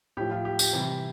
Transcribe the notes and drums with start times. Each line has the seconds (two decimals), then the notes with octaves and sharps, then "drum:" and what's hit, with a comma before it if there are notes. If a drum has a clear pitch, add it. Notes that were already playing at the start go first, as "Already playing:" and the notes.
0.17 A2 F3 G4
0.31 F4
0.45 G4
0.59 G4, drum: tambourine
0.73 C3 E3 G3